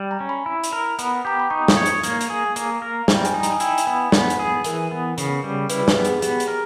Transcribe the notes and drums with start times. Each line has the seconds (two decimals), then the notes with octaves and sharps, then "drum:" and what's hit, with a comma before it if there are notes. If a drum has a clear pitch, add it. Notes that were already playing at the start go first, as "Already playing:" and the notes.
Already playing: G3
0.11 A#5
0.20 C#4
0.29 B5
0.46 E4
0.64 drum: hi-hat
0.73 A#4
0.99 B3, drum: hi-hat
1.25 G4 A#5
1.40 B5
1.50 D#4 C#6
1.68 D#6, drum: snare
1.77 C#5
1.86 C#6, drum: hi-hat
2.03 A#3, drum: hi-hat
2.21 drum: hi-hat
2.30 G#4
2.56 A#3, drum: hi-hat
2.82 A#4
3.08 G3, drum: snare
3.25 G#5, drum: hi-hat
3.34 D#4
3.43 A#5, drum: hi-hat
3.51 G#5
3.60 E4 G5, drum: hi-hat
3.67 G#5
3.78 drum: hi-hat
3.87 B3
4.12 B3, drum: snare
4.30 drum: hi-hat
4.39 G#4
4.64 E3 A#4, drum: hi-hat
4.91 B3
5.18 C#3, drum: hi-hat
5.44 G3
5.70 E4 B4, drum: hi-hat
5.82 G4
5.88 G#4, drum: snare
5.96 B3
6.05 G#4, drum: hi-hat
6.22 B3 G4, drum: hi-hat
6.40 G#4, drum: hi-hat
6.48 A#4